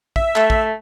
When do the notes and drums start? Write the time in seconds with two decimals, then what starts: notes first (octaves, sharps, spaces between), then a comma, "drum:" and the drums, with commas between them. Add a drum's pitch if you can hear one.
0.16 E5, drum: kick
0.36 A3, drum: clap
0.50 drum: kick